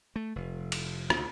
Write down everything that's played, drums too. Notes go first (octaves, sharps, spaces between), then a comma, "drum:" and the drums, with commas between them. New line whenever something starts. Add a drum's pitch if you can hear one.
A3
F1
drum: cymbal
D2, drum: rim click